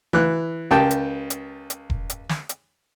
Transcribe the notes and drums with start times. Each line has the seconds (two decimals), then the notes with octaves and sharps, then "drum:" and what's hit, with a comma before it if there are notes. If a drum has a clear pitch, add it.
0.13 E3 F#6
0.71 C#2 G4 A#4 G5 A5
0.91 drum: hi-hat
1.30 drum: hi-hat
1.70 drum: hi-hat
1.90 drum: kick E1
2.10 drum: hi-hat
2.29 drum: snare
2.49 drum: hi-hat